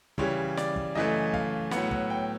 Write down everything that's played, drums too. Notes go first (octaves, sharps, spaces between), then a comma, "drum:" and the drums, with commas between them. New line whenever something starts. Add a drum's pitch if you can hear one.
C#3 E3 G3 C#5, drum: kick
D5, drum: snare
drum: kick
F#2 C#3 E3 A3 D#5
F5, drum: kick
A2 F#3 B3 F#5, drum: snare
drum: kick
G5